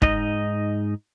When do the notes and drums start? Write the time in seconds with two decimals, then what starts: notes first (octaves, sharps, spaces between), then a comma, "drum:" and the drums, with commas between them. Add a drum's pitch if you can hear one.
0.02 G#2 D#4 D#5, drum: kick